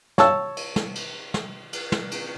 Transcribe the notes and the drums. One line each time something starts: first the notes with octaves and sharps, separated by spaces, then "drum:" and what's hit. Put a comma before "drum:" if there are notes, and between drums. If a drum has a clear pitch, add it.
C#5 A5 E6, drum: snare
drum: cymbal
drum: snare
drum: cymbal
drum: snare
drum: cymbal
drum: snare
drum: cymbal